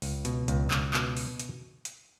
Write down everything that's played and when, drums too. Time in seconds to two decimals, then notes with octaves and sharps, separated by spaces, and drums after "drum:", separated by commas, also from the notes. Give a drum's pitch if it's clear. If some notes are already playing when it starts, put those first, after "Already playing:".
0.02 C#2, drum: open hi-hat
0.25 B2, drum: hi-hat
0.48 C#2, drum: hi-hat
0.71 C#2, drum: clap
0.94 B2, drum: clap
1.17 drum: open hi-hat
1.39 drum: hi-hat
1.85 drum: hi-hat